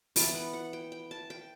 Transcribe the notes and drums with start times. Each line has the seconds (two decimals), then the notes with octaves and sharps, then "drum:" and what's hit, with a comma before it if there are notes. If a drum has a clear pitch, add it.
0.16 E3 B3 A5, drum: open hi-hat
0.35 F#5
0.53 F#5
0.73 G5
0.92 G5
1.11 A5
1.30 G5